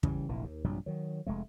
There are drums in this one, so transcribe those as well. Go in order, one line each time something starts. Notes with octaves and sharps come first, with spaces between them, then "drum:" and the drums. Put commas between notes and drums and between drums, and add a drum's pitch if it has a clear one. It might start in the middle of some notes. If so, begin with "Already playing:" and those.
C#3 E3 F#3 G3, drum: kick
F1 A#1 A#2 E3
D#2
A#1 G2 C3 F#3
D#3 F#3
F1 G#3 A3